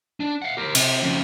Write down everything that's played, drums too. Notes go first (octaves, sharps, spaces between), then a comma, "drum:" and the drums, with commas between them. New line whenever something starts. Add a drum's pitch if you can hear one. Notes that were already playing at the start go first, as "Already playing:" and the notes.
D4
F5 F#5
G4 A#4
C3, drum: cymbal
F2 C#3